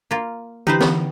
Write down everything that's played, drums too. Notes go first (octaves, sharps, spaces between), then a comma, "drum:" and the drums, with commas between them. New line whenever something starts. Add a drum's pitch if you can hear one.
A#3 F4
D3 E3 D#4 G4 B4 C5
B3, drum: snare